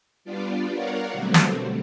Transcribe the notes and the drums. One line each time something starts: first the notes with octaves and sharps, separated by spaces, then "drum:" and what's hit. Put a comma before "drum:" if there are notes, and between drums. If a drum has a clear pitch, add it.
G3 B3 D4 F4 D5
A#4 C#5 D5 F5 F#5
B2 D3 F#3 G3 A3 C4
drum: snare